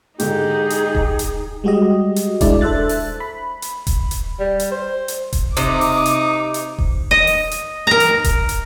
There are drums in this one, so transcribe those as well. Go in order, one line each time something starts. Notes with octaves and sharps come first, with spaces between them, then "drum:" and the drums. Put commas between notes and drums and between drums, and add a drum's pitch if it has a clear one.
G#2 D3 D#4 G4 G#4, drum: hi-hat
drum: hi-hat
drum: kick D#1
drum: hi-hat
G3 G#3 F#4 G4 D#5
drum: hi-hat
G#3 D4 E4 D5, drum: kick D#1, hi-hat
A4 C5 E5 F#6 A6
drum: open hi-hat
B5
drum: hi-hat
drum: kick D#1, hi-hat
drum: hi-hat
G3
drum: hi-hat
C5
drum: hi-hat
drum: kick D#1, hi-hat
C3 D#4 D6 D#6, drum: hi-hat
drum: open hi-hat
drum: hi-hat
drum: hi-hat
drum: kick D#1
D#5
drum: open hi-hat
drum: hi-hat
A#4 A#5
drum: hi-hat
drum: kick D#1, hi-hat
drum: hi-hat